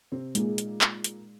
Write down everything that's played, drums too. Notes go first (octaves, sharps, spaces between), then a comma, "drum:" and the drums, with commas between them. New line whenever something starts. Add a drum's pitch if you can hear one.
C3 C4
A#2 G#3 A#3 D#4 G#4, drum: hi-hat
drum: hi-hat
drum: clap
drum: hi-hat